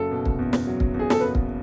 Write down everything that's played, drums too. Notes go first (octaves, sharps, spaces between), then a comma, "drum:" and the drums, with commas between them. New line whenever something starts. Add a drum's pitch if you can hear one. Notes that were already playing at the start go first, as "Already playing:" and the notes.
Already playing: F#1 F#3 A4
B2
drum: kick
E2
drum: snare
F#3
drum: kick
E2
G#4
A4, drum: snare
F#1 B4
drum: kick